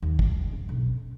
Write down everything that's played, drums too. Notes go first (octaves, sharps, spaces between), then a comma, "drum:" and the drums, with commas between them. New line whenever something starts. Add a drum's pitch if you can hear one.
D#2
G#3, drum: kick
C#2
B1
C#4